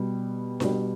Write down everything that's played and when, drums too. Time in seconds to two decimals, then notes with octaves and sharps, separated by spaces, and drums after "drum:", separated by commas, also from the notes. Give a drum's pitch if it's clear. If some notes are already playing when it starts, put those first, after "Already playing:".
Already playing: B2 G3
0.60 B2 G3, drum: snare D4